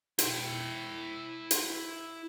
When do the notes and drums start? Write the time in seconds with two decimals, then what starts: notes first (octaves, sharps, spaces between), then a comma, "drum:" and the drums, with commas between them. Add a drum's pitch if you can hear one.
0.19 E4 G5, drum: hi-hat
1.51 drum: hi-hat